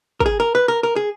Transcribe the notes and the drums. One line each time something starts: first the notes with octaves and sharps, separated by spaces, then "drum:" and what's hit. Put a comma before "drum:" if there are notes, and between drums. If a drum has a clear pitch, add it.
A#4, drum: kick
G#4
A#4
B4
A#4
A#4
G#4